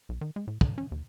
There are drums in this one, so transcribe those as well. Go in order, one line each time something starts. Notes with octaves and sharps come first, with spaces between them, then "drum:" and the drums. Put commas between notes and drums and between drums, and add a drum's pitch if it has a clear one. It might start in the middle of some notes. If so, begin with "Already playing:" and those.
B1
D#3
G#3
A2
D3, drum: kick
C#4
D#2